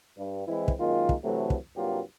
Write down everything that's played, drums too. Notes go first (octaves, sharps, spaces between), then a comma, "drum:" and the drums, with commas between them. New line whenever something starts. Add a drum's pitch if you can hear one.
G2
E3 G#3 C4 E4
drum: kick
F#2 D#3 G#3 A#3 F4
drum: kick
C3 E3 F#3 A3
drum: kick
C2 G2 F#3 A#3 F4 G4